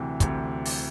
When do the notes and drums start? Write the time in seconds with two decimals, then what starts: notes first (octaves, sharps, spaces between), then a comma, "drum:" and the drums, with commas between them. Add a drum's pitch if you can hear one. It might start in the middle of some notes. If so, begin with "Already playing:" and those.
Already playing: D2 C3 E3
0.20 D2 C3 E3, drum: kick, hi-hat
0.65 drum: open hi-hat